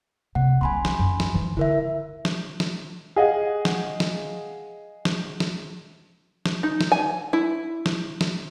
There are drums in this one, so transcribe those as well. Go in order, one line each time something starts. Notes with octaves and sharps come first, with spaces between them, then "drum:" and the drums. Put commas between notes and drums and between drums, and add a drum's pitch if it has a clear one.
C3 F#5
C2 F#3 G#5 B5 C6
drum: snare
F#2
drum: snare
E3 F3
D3 E4 A#4 E5
drum: snare
drum: snare
G#4 D#5 F5 F#5
drum: snare
drum: snare
drum: snare
drum: snare
drum: snare
D#4
drum: snare
G#5
E4
drum: snare
drum: snare